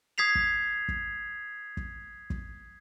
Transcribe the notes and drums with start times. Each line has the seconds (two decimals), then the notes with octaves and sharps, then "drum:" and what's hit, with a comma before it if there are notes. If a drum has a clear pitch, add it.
0.18 D#6 G#6 B6 C7 F7
0.35 drum: kick
0.88 drum: kick
1.77 drum: kick
2.30 drum: kick